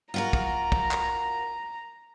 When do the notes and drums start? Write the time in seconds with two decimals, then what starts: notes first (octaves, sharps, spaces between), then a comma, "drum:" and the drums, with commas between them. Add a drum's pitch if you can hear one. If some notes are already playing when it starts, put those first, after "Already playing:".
0.14 F4 F#4 A#4 A#5
0.33 drum: kick
0.72 drum: kick
0.91 drum: clap